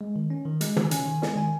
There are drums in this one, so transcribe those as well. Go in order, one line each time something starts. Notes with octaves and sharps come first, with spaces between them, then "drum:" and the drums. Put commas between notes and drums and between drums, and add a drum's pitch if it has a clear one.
G#3
D#3
C#4
D#3
G#3, drum: hi-hat
D#3, drum: tom
C#4 G#5, drum: hi-hat
D#3
G#3, drum: snare
D#3 G#5